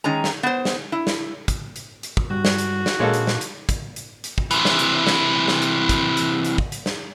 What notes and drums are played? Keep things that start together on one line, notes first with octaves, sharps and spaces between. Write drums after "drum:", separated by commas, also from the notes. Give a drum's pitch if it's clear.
D#3 G#3 C#4 A#5
drum: snare
B3 C5
drum: snare
E4
drum: snare
drum: kick, hi-hat
drum: hi-hat
drum: hi-hat
drum: kick
G2 F#4
drum: snare
drum: hi-hat
drum: snare
A#2 G#3 A#3 D4 G#4 A4 C#5
drum: hi-hat
drum: snare
drum: hi-hat
drum: kick, hi-hat
drum: hi-hat
drum: hi-hat
drum: kick
C3 E3, drum: hi-hat
drum: snare
drum: hi-hat
drum: snare
drum: snare
drum: hi-hat
drum: kick, hi-hat
drum: hi-hat
drum: hi-hat
drum: kick
drum: hi-hat
drum: snare